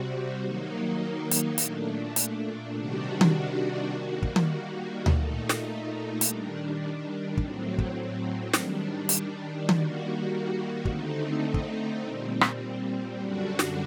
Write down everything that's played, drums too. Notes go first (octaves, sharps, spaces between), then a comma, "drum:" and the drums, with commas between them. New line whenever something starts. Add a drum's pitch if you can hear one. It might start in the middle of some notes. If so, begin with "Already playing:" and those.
Already playing: C3 G3 C4 F#4
D#3 F#3 A#3 D#4
drum: hi-hat
A#2 A3 D4, drum: hi-hat
drum: hi-hat
C3 D#3 G3 D4 F#4
drum: tom D#3
D#3 G3 A#3 F#4
drum: kick
drum: tom D#3
A#2 A3 D#4, drum: tom D2
drum: snare
D#3 G3 D4, drum: hi-hat
A2 F#3 C4, drum: kick
drum: kick
D#3 G3 D4, drum: snare
drum: hi-hat
D#3 G3 A#3 F#4, drum: tom D#3
D3 A3 C4 D#4, drum: kick
drum: kick
A#2 G3 C4
drum: rim click
F#2 D3 G3 D4 F#4
drum: snare